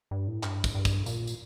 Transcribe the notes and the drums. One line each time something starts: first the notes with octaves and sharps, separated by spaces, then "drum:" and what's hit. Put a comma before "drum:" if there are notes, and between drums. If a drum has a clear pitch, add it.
G2
A2
G2, drum: clap
drum: kick, tambourine
G2
drum: kick, tambourine
A#2, drum: tambourine
drum: tambourine